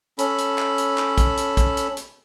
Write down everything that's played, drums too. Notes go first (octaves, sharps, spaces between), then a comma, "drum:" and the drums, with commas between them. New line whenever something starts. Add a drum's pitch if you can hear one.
C#4 A4 B5, drum: hi-hat
drum: hi-hat
drum: clap
drum: hi-hat
drum: clap
drum: kick, hi-hat
drum: hi-hat
drum: kick, hi-hat
drum: hi-hat
drum: hi-hat